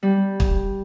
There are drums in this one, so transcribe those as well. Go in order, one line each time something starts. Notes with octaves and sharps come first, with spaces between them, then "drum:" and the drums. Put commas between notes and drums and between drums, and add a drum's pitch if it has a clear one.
G3
drum: kick